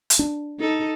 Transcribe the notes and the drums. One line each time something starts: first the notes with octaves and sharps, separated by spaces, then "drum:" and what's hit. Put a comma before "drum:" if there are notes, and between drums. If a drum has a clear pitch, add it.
drum: hi-hat
D4
D#4 A4